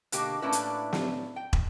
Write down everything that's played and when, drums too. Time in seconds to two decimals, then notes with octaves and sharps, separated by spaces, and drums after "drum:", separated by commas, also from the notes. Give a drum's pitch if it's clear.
0.12 B2 D3 A#3 G4, drum: hi-hat
0.42 A2 A#3 C#4 D4 E4 B4
0.52 drum: hi-hat
0.93 drum: snare
1.36 G5
1.53 drum: kick